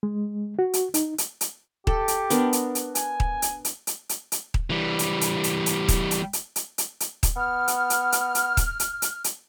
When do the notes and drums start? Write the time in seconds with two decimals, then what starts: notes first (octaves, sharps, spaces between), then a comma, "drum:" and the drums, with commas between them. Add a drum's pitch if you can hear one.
0.03 G#3
0.59 F#4
0.74 drum: hi-hat
0.94 D#4, drum: hi-hat
1.18 drum: hi-hat
1.41 drum: hi-hat
1.87 G4 A4, drum: kick D#1
2.08 drum: hi-hat
2.30 B3 D4 A#4, drum: hi-hat
2.53 drum: hi-hat
2.75 drum: hi-hat
2.95 G#5, drum: hi-hat
3.20 drum: kick D#1
3.42 drum: hi-hat
3.65 drum: hi-hat
3.87 drum: hi-hat
4.09 drum: hi-hat
4.32 drum: hi-hat
4.54 drum: kick D#1
4.70 E3 G3
4.99 drum: hi-hat
5.21 drum: hi-hat
5.44 drum: hi-hat
5.66 drum: hi-hat
5.88 drum: kick D#1, hi-hat
6.11 drum: hi-hat
6.33 drum: hi-hat
6.56 drum: hi-hat
6.78 drum: hi-hat
7.00 drum: hi-hat
7.23 drum: kick D#1, hi-hat
7.36 B3 F6
7.68 drum: hi-hat
7.90 drum: hi-hat
8.12 drum: hi-hat
8.35 drum: hi-hat
8.57 drum: kick D#1, hi-hat
8.80 drum: hi-hat
9.02 drum: hi-hat
9.24 drum: hi-hat